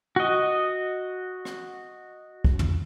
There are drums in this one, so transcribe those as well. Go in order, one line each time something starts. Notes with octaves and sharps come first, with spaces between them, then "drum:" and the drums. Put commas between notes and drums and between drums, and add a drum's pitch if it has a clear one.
F#4 D#5
drum: rim click
drum: kick
drum: tom